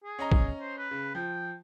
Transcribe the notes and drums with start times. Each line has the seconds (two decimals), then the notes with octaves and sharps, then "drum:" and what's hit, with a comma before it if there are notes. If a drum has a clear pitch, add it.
0.04 G#4
0.19 C#4 D#5 A#5
0.32 drum: kick
0.61 C5
0.78 B4
0.91 C#3
1.15 F3 G5